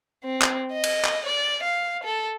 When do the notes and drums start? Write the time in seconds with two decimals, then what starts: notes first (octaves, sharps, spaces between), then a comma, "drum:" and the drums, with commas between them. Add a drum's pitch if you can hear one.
0.25 C4
0.42 drum: clap
0.73 D#5
0.84 drum: cymbal
1.05 drum: clap
1.26 D5
1.63 F5
2.04 A4